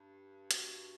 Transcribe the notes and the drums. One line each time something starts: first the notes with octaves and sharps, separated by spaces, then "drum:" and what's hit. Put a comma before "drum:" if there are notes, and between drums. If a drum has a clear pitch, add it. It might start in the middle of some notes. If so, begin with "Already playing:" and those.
Already playing: G2
F#4, drum: hi-hat